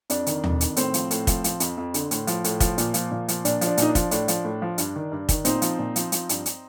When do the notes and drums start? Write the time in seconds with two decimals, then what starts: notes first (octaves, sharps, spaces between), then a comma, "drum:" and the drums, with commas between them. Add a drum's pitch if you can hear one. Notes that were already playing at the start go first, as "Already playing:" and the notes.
0.10 F2 D4, drum: hi-hat
0.26 D#3, drum: hi-hat
0.44 F2, drum: tom D#2
0.61 D#3, drum: hi-hat
0.77 A2 C4, drum: hi-hat
0.94 F3, drum: hi-hat
1.11 A2, drum: hi-hat
1.27 F3, drum: kick, hi-hat
1.44 F3, drum: hi-hat
1.60 F2, drum: hi-hat
1.78 F2
1.94 D3, drum: hi-hat
2.11 A2, drum: hi-hat
2.27 F3, drum: hi-hat
2.44 A2, drum: hi-hat
2.60 F3, drum: kick, hi-hat
2.78 A#2, drum: hi-hat
2.94 F3, drum: hi-hat
3.12 A#2
3.28 F3, drum: hi-hat
3.45 A#2 D4, drum: hi-hat
3.61 F3, drum: hi-hat
3.67 D4
3.77 A#2 D#4, drum: hi-hat
3.89 D4
3.95 F3, drum: kick, hi-hat
4.11 A2 D4, drum: hi-hat
4.28 F3, drum: hi-hat
4.45 A2
4.62 F3
4.78 G2, drum: hi-hat
4.96 D#3
5.12 G2
5.29 D#3, drum: kick, hi-hat
5.45 A#2 C4 D#4, drum: hi-hat
5.62 F3, drum: hi-hat
5.79 A#2
5.96 F3, drum: hi-hat
6.12 F3, drum: hi-hat
6.29 G2, drum: hi-hat
6.46 drum: hi-hat